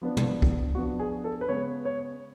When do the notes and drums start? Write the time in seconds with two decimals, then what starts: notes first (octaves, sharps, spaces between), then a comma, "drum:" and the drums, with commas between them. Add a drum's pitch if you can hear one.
0.01 F3 B3 D4
0.17 drum: tom
0.42 drum: kick
0.75 F3 B3 D4 F#4
1.00 G#4
1.24 A4
1.41 B4
1.49 C#3 G#3 B3 C#5
1.85 C#5